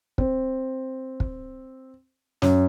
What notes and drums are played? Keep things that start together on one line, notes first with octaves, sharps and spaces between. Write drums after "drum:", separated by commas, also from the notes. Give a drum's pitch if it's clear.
C4, drum: kick
drum: kick
F#2, drum: snare